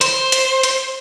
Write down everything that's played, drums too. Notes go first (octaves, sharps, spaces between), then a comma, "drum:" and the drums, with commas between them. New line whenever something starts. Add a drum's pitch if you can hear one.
C5, drum: hi-hat
drum: hi-hat
drum: hi-hat